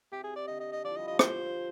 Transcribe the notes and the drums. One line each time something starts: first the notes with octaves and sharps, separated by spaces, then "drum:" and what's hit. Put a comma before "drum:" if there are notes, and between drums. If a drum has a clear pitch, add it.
C3 G4
G#4
D5
D3 D#5
D#5
D#5
F3 D5
G3 D#5
D#5
F3
C5, drum: rim click